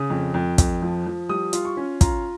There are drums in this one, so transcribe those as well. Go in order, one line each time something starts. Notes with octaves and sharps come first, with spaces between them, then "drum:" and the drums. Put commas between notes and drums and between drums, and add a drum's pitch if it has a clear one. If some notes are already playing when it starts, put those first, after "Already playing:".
Already playing: C#3 D#6
F2
F2
F2, drum: kick, hi-hat
F3
F3
G3 D#6
F4, drum: hi-hat
C#6
C#4
F4 A#5, drum: kick, hi-hat